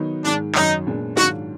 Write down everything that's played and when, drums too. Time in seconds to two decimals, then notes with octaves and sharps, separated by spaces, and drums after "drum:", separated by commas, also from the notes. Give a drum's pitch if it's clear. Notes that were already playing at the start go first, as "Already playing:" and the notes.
Already playing: D#3 F#3 B3 D#4
0.24 G#2 D#3 G#3 D4
0.55 F#2 D#3 F#3 D#4, drum: clap
0.86 A#2 G#3 B3 D4
1.17 G#2 D#3 F#3 D4 F4 F#4, drum: snare